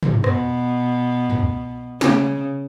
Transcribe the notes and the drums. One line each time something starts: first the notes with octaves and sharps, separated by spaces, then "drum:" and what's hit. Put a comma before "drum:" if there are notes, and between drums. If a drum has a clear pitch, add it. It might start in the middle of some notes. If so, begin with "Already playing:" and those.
drum: tom
B2, drum: rim click
drum: tom
C#3, drum: snare